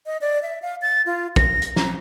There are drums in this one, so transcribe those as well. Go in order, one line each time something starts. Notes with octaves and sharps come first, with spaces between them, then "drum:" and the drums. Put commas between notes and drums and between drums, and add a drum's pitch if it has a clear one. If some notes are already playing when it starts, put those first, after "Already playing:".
D#5
D5
E5
F5
A6
F4
A#6, drum: kick
drum: hi-hat
A#5, drum: snare